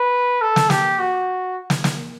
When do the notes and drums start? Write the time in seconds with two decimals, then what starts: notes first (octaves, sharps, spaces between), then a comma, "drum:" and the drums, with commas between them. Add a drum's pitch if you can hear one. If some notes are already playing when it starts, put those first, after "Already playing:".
Already playing: B4
0.41 A4
0.56 drum: snare
0.70 G4, drum: snare
0.99 F#4
1.70 drum: snare
1.84 drum: snare